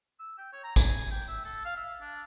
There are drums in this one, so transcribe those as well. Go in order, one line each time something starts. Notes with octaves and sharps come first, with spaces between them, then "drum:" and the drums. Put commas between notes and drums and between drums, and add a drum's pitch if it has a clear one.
E6
G5
C#5
A#5
G#5, drum: kick, tambourine
G5
E5
A4
F5
E5
D4